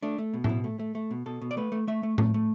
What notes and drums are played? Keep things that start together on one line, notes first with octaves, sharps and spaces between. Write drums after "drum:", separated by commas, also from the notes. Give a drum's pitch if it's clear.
A3 D4
A3
B2
B2 E4, drum: tom A2
A3
A3
A3
B2
B2 A4
B2
D5
A3 B4
A3
A3 E5
A3
A3, drum: tom A2
A3